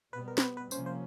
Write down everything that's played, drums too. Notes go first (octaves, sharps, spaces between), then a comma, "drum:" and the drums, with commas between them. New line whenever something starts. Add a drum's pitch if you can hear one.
B2 G3 B3 B4
A#4
C5, drum: snare
B4
B4
C3 F3 A#3 C#4 C5, drum: tambourine
C5